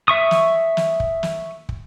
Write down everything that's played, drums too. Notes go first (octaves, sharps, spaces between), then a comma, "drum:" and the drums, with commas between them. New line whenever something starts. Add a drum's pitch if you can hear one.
E5 C#6 D#6
drum: snare
drum: snare
drum: kick
drum: snare
drum: kick